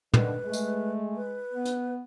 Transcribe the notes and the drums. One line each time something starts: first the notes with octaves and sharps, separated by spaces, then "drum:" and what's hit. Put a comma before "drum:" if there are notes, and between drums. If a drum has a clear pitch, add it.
D3 D#3 B4, drum: tom
G#3 A3
drum: tambourine
B4
B3
drum: hi-hat